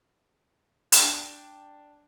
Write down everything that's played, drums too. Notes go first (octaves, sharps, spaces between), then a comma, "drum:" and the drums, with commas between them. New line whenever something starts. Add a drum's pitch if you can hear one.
D4 G5, drum: hi-hat